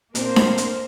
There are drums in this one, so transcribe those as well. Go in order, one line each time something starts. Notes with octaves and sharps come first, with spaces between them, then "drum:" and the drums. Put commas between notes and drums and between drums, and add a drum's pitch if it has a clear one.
A#2 A#3 C4 D4 A#4 C5, drum: hi-hat
drum: snare D4
drum: hi-hat